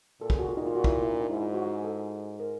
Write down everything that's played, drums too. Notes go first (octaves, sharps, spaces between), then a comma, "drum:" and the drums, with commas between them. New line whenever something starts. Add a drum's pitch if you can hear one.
A#2 A4
G#4, drum: kick
F#4
F4
A#2 D#4
F4
F#4
E4, drum: kick
E4
D4
D#4
G#2 E4
F4
F#4
G#4
A4
A#4